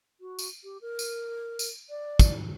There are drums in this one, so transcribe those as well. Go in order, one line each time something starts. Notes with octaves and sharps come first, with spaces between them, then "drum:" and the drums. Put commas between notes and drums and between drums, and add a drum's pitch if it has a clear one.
F#4
drum: tambourine
G4
A#4
drum: tambourine
drum: tambourine
D5
drum: kick, tambourine